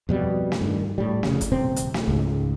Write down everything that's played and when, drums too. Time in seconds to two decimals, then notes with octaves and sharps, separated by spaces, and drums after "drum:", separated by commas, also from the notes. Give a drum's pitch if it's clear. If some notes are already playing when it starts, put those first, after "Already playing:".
0.09 F2 B2 G3
0.52 drum: snare
0.61 G2 D#3
0.98 A2 G3
1.23 F1 C#3, drum: snare
1.41 drum: kick, hi-hat
1.52 D#1 C3 C4
1.76 drum: hi-hat
1.94 drum: snare
2.08 C#2 G#2